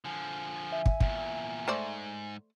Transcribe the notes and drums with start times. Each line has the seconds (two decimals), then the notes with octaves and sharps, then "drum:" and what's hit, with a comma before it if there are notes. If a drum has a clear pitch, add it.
0.05 D3 F3 G#5
0.72 E5
0.86 drum: kick
1.00 E2 A#2, drum: kick
1.68 G#2 A3 C5 D5